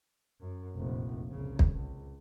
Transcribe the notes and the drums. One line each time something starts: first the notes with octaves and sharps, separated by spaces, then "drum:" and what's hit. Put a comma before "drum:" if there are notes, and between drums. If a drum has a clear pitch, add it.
F#2
F1 A#1
C2 C#3
drum: kick
C#2